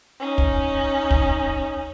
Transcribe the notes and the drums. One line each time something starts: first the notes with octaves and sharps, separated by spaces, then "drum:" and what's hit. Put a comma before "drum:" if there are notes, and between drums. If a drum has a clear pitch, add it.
C#4 D#4
drum: kick
drum: kick